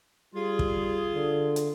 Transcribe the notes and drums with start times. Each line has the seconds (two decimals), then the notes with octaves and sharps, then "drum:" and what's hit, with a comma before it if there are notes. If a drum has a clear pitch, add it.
0.35 G3 F4 G#4
0.59 drum: kick
1.14 D3
1.56 drum: hi-hat